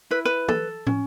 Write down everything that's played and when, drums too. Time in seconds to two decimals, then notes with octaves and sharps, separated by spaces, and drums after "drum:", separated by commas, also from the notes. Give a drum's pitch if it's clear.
0.11 E4 B4
0.25 B4
0.49 A4, drum: tom
0.87 C#4, drum: tom